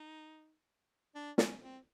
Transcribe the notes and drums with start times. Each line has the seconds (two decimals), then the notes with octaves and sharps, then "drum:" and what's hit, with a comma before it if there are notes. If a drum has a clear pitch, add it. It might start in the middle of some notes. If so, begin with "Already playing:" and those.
Already playing: D#4
1.15 D4
1.38 C#4, drum: snare
1.61 C4